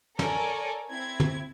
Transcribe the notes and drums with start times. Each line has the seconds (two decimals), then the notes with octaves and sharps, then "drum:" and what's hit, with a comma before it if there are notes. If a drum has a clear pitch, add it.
0.19 A4 A#4 C#5 D5 G#5, drum: snare
0.87 C4 E4 G#6
1.20 drum: tom